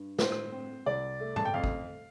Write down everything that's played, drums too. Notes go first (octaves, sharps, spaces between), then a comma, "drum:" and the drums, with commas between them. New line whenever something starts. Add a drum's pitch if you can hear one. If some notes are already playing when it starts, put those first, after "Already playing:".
Already playing: G2
A2 C5, drum: snare
drum: rim click
C4
C2 D5
A3
A5, drum: tom G#2
G5
F2 F5
drum: kick